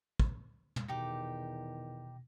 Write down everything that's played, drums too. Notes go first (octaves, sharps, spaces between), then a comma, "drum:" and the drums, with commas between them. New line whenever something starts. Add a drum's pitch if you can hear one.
drum: kick
drum: tom
E2 B2 D#3 D#4 G4 D6 A#6